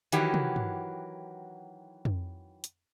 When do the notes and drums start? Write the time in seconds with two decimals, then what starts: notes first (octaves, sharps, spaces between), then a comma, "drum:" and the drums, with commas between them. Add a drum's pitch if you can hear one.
0.12 D#3 E3 F#3 F#4 G4, drum: hi-hat
0.34 drum: tom
0.56 drum: tom G2
2.05 drum: tom F2
2.64 drum: hi-hat